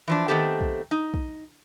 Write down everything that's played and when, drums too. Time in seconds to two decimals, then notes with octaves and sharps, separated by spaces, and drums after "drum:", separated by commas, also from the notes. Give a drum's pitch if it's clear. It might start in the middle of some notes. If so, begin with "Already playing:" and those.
0.08 E3 F3 D4
0.28 D#3 A3 B3 C4 G4 A4
0.61 drum: kick
0.91 D#4
1.14 drum: kick